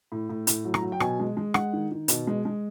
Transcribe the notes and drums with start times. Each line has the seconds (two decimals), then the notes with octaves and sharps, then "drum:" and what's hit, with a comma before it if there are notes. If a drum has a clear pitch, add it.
0.12 A2
0.29 A2
0.47 A2, drum: hi-hat
0.65 F#3
0.74 A#5, drum: rim click
0.82 F#3
0.92 G5
1.00 B2 G#5, drum: rim click
1.20 G#3
1.37 G#3
1.54 G#3 F#5, drum: rim click
1.73 D#3
1.91 D#3
2.08 B2, drum: hi-hat
2.27 G#3
2.45 G#3